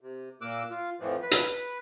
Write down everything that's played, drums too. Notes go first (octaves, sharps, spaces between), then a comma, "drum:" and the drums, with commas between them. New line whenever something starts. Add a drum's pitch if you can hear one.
C3
A#2 A#3 D6 E6 F#6
F4
F2 A2 E3 F3
B4
drum: hi-hat